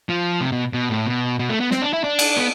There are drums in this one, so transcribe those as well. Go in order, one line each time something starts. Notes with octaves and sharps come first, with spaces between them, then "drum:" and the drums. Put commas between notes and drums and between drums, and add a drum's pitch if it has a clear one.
F3
C3
B2
B2
A2
B2
B2
A3
B3
C4, drum: snare
D4
E4
D4
drum: cymbal
B3